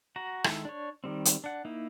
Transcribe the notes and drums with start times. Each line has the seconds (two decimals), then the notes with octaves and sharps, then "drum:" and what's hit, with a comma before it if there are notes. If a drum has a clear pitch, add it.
0.16 F#4 A#5
0.44 D#3 G#3 E4 A4, drum: rim click
0.65 D4 C#5
1.04 D#3 G3 C4
1.25 drum: hi-hat
1.44 D4 F#5
1.65 A#3 D#4 E4